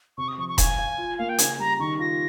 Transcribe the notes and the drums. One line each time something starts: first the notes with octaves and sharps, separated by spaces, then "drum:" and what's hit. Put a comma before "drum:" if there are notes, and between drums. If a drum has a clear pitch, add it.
C3 C#6
D#6
F3 C#6
C#6
F5 G#5, drum: kick E1, hi-hat
F5
F4
A#3 F5
G5
C#3 G#5, drum: hi-hat
G3 A#5
D#3 C#6
F4 A#6